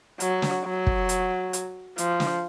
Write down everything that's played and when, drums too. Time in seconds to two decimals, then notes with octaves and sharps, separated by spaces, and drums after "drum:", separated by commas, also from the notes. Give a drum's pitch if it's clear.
0.20 F#3, drum: hi-hat
0.42 drum: snare
0.64 F#3
0.87 drum: kick
1.09 drum: hi-hat
1.53 drum: hi-hat
1.98 F3, drum: hi-hat
2.20 drum: snare